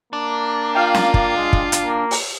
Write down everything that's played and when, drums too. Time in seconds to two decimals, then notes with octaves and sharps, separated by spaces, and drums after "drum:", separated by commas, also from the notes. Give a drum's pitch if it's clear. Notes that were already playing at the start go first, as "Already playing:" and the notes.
0.13 A#3 D4
0.75 F4 F5 G5
0.94 drum: snare C#4
1.14 drum: kick
1.37 G#3
1.53 drum: kick
1.72 drum: hi-hat
1.84 A#3
2.11 drum: open hi-hat